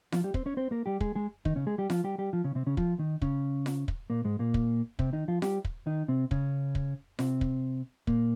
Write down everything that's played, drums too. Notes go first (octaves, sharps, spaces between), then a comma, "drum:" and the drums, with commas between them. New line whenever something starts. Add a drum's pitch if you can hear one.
F3 F4, drum: snare F4
G3 G4
C4 C5, drum: kick
C#4 C#5
C4 C5
A#3 A#4
G3 G4
G#3 G#4, drum: kick
G#3 G#4
D#3 D#4, drum: kick
C#3 C#4
G#3 G#4
G3 G4
F3 F4, drum: snare F4
G3 G4
G3 G4
F3 F4
C#3 C#4
C3 C4
C#3 C#4
F3 F4, drum: kick
D#3 D#4
C#3 C#4, drum: kick
drum: snare F4
drum: kick
A#2 A#3
G#2 G#3
A#2 A#3
drum: kick
C3 C4, drum: kick
D#3 D#4
F3 F4
G3 G4, drum: snare F4
drum: kick
D#3 D#4
C3 C4
C#3 C#4, drum: kick
drum: kick
C3 C4, drum: snare F4
drum: kick
A#2 A#3, drum: kick